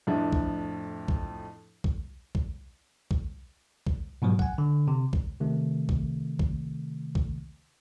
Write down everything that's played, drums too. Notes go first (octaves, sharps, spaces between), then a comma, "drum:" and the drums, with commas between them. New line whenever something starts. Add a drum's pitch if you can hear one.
F2 A2 F3 A3 D4
drum: kick
drum: kick
drum: kick
drum: kick
drum: kick
drum: kick
G#2 B2 F3 F#3
F#5 G#5, drum: kick
D3
C3
drum: kick
C3 D#3 A3
drum: kick
drum: kick
drum: kick